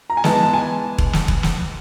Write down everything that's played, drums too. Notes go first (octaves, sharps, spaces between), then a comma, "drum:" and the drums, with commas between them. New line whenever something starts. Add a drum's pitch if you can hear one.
A#5
G#5
E3 G#3 B3 A5, drum: snare
A5
G#5
drum: kick E1
drum: snare
drum: kick E1
drum: snare